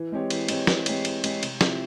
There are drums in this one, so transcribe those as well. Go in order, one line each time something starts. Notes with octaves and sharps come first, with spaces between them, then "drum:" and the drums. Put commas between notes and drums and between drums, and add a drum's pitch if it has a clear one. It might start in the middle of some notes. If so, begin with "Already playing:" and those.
Already playing: E3
G#3 C4 G4 C#5
E3, drum: cymbal
G#3 C4 G4 C#5, drum: cymbal
E3, drum: snare
G#3 C4 G4 C#5, drum: cymbal
E3, drum: cymbal
G#3 C4 G4 C#5, drum: cymbal
C3, drum: cymbal
F3 C4 E4 G4, drum: snare